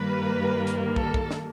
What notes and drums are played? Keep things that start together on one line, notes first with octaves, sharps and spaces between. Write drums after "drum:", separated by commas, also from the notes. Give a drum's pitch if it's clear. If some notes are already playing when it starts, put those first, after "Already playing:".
Already playing: G2 D#3 G3 A#3 B4
drum: hi-hat
A4, drum: kick
drum: kick
drum: snare